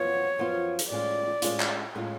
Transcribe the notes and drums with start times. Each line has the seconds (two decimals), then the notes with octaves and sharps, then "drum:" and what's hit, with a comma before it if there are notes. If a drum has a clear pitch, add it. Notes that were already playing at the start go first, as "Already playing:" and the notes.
Already playing: F#2 F3 B3 F4 C#5
0.38 F#2 F3 B3 F4
0.79 drum: hi-hat
0.90 A2 G#3 C#4 F4 D5
1.42 A2 G#3 C#4 F4, drum: hi-hat
1.60 drum: clap
1.95 A2 G#3 C#4 F4